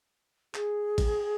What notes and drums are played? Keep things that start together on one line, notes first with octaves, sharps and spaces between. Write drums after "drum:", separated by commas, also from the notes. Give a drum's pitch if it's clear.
G#4, drum: clap
drum: kick, cymbal